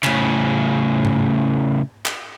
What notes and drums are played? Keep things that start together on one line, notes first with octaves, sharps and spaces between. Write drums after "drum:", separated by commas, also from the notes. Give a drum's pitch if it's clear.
A2 C#3, drum: clap
drum: tom G#2
drum: clap